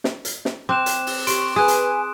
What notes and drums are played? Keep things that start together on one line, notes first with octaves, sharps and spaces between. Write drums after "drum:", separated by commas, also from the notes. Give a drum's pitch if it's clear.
drum: snare
drum: hi-hat
drum: snare
C4 D6 F#6 E7
drum: hi-hat
drum: open hi-hat
G4 C6 C#6 D7, drum: hi-hat
G#4 B4 G#5 D#6 F#6
drum: hi-hat